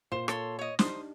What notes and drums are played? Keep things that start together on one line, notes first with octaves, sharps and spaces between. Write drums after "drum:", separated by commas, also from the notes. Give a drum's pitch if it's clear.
A#2 F4 C5 E7
A4 C#5 C6, drum: rim click
C#5 D#5
D4 D#4 G4 C5 D#6, drum: snare